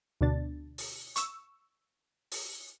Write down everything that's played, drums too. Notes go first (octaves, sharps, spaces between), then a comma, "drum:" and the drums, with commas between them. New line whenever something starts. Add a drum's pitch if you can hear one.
D2 B2 D4 A6
drum: open hi-hat
C#6 E6, drum: hi-hat
drum: open hi-hat